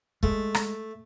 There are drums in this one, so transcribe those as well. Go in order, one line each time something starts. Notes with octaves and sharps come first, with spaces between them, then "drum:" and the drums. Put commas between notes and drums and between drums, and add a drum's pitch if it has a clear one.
G#3 A3, drum: kick
drum: rim click